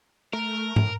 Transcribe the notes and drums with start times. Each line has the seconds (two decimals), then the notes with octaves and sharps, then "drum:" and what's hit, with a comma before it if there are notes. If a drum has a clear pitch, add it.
0.33 A3 A#4
0.76 A2, drum: tom